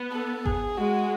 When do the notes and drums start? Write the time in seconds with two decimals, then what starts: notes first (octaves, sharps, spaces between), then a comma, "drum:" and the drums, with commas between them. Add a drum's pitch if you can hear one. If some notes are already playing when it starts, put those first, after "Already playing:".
Already playing: B3
0.13 A4
0.46 G#4, drum: kick G#1
0.77 G#3 F#4